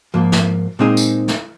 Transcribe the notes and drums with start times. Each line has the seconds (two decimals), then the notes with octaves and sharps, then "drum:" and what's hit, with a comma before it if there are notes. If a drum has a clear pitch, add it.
0.14 G#2 F3 A#3
0.32 drum: snare
0.79 A#2 G#3 C4 D#4 G#4
0.97 drum: tambourine
1.28 drum: snare